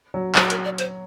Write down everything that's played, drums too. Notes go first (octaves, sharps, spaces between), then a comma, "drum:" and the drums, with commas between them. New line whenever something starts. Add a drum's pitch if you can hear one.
F#3
F#3 C5, drum: clap
A#4, drum: hi-hat
D5
C5, drum: hi-hat